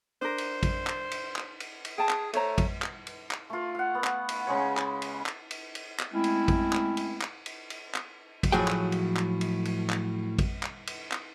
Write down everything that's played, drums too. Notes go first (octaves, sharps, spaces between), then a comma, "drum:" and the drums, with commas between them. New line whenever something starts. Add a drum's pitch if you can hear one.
D4 A#4 C5
drum: cymbal
drum: kick A1, cymbal
drum: clap
drum: cymbal
drum: clap
drum: cymbal
drum: cymbal
G#4 G5 A5
drum: clap
A3 C5 C#5 A#5, drum: cymbal
drum: kick A1, cymbal
drum: clap
drum: cymbal
drum: clap
A3 F4
F5 F#5
B3
drum: clap
drum: cymbal
C#3 G#3 C#5
drum: clap
drum: cymbal
drum: clap
drum: cymbal
drum: cymbal
drum: clap
G#3 A3 C4 C#4 E4
drum: cymbal
drum: kick A1, cymbal
drum: clap
drum: cymbal
drum: clap
drum: cymbal
drum: cymbal
drum: clap
drum: kick A1, cymbal
A2 F3 F#3 F#4 G#4 G5
drum: clap
drum: cymbal
drum: clap
drum: cymbal
drum: cymbal
drum: clap
drum: kick A1, cymbal
drum: clap
drum: cymbal
drum: clap